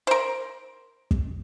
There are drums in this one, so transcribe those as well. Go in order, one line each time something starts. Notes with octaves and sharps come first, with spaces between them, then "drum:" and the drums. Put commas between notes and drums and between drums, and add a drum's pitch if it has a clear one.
A#4 C5
drum: kick